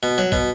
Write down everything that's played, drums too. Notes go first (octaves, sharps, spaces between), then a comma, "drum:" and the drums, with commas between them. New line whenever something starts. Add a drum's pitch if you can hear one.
B2
F#3
B2, drum: kick